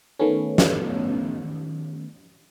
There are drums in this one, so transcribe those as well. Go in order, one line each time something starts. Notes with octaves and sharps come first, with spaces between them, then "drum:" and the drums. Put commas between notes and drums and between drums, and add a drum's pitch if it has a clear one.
D#3 A3 B3 C#4
drum: snare